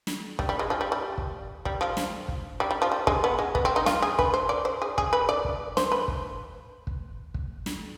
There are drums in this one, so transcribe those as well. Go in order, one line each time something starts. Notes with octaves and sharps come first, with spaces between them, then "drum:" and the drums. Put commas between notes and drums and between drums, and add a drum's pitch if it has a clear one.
drum: snare
G3, drum: kick
G3
G#3
F3
G3
G3
drum: kick
G3, drum: kick
F3
drum: snare
drum: kick
G3
G3
F3
G3
G#3, drum: kick
B3
G#3
B3, drum: kick
C4
D#4
F4, drum: snare
G#4
B4, drum: kick
C5
D5
C5
G#4
G#4, drum: kick
B4
D5
drum: kick
C5, drum: snare
B4
drum: kick
drum: kick
drum: kick
drum: snare